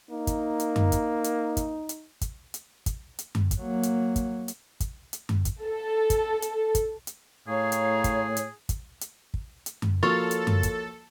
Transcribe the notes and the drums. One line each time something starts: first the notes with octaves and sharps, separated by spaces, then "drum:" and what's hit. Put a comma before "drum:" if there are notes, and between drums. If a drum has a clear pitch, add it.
A#3 D#4
drum: kick, hi-hat
drum: hi-hat
drum: tom F#2
drum: kick, hi-hat
drum: hi-hat
drum: kick, hi-hat
drum: hi-hat
drum: kick, hi-hat
drum: hi-hat
drum: kick, hi-hat
drum: hi-hat
drum: tom F#2
drum: kick, hi-hat
F#3 A#3
drum: hi-hat
drum: kick, hi-hat
drum: hi-hat
drum: kick, hi-hat
drum: hi-hat
drum: tom F#2
drum: kick, hi-hat
A4
drum: kick, hi-hat
drum: hi-hat
drum: kick, hi-hat
drum: hi-hat
A2 G#4 C#5 F5 A#5 C#6
drum: hi-hat
drum: kick, hi-hat
drum: hi-hat
drum: kick, hi-hat
drum: hi-hat
drum: kick
drum: hi-hat
drum: tom F#2
F3 A#3 F#4 A4 C#5 F5 C6 A6
drum: hi-hat
drum: tom F#2
drum: kick, hi-hat